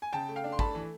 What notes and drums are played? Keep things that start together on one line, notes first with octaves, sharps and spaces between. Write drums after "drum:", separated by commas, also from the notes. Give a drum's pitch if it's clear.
G#5
C#3 G5 A5
A3
F5 G5
D4
C6
A3 A5 B5, drum: kick
E3